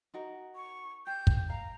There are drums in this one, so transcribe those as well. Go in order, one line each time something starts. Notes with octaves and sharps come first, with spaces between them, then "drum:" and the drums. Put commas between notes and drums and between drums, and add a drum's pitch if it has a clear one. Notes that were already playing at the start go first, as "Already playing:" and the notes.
D#4 F#4 A#4
C#6
G4 G6
drum: kick
F5 A#5